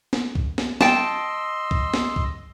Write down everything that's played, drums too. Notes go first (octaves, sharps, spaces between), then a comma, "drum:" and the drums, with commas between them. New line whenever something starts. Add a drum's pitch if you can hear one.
drum: snare
drum: kick C2
drum: snare
D#5 G5 A5 C6 E6, drum: snare
drum: kick C2
drum: snare
drum: kick C2